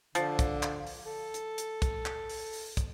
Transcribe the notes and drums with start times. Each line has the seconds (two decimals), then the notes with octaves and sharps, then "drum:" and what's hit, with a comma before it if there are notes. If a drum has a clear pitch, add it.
0.15 D3 F3, drum: hi-hat
0.39 drum: kick, hi-hat
0.63 drum: clap
0.87 drum: open hi-hat
1.06 A4
1.34 drum: hi-hat
1.58 drum: hi-hat
1.82 drum: kick, hi-hat
2.06 drum: clap
2.29 drum: open hi-hat
2.53 drum: open hi-hat
2.77 drum: kick, hi-hat